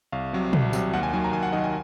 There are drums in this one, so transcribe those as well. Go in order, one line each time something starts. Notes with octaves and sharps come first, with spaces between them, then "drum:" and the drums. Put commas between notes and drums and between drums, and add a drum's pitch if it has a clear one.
C2 F5
C3 F#3
C2, drum: tom
C3 F#3, drum: tambourine
D#2 F#5
G#5
D#3 F#3 G#5
A#5
D#2 G#5
F#5
D#3 F#3 D#5
G#5